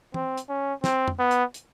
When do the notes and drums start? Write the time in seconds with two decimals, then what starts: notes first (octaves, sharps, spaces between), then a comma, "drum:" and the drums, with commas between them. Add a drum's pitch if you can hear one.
0.14 C4, drum: tom
0.37 drum: hi-hat
0.49 C#4
0.84 C4, drum: snare
1.08 drum: tom
1.19 B3
1.31 drum: hi-hat
1.54 drum: hi-hat